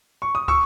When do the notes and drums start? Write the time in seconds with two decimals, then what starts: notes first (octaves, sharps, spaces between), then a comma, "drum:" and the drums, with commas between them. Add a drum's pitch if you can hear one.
0.22 C#6
0.35 D#6
0.48 C#6 E6, drum: kick